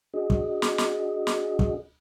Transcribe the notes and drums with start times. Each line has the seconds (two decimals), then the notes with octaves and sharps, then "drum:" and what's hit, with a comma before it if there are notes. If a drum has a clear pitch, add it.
0.14 D4 F#4 G#4 D#5
0.30 drum: kick
0.62 drum: snare
0.78 drum: snare
1.27 drum: snare
1.59 drum: kick